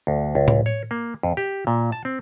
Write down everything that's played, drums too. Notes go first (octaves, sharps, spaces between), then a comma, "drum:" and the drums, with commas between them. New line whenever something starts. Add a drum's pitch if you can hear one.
D2
C#2
drum: tom A2
C#5
A#3
F2
G4
A#2
A5
C4